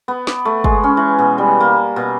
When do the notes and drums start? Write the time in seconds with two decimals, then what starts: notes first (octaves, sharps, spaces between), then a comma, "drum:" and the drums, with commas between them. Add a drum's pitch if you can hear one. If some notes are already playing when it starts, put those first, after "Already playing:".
0.08 B3
0.27 D6, drum: snare
0.45 A3
0.64 G#3, drum: kick
0.84 C#4
0.97 E3
1.19 B2
1.38 G3
1.60 A#3
1.96 B2